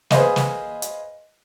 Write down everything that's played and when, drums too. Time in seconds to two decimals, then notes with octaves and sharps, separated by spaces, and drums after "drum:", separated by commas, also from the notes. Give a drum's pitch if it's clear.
0.10 G#4 B4 C5 D#5 F5, drum: snare
0.36 drum: snare
0.82 drum: hi-hat